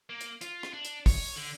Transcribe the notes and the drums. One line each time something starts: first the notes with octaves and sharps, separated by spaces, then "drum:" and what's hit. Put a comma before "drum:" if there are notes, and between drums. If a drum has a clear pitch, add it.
A#3
drum: hi-hat
F4, drum: hi-hat
drum: rim click
D4
drum: hi-hat
C#5, drum: kick, open hi-hat
D3